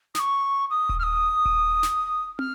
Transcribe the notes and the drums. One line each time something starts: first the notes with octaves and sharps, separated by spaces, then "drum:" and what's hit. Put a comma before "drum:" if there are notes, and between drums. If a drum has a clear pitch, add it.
D#6, drum: snare
C#6
D#6
drum: kick D#1
F6
D#6
drum: kick D#1
drum: snare
F6, drum: tom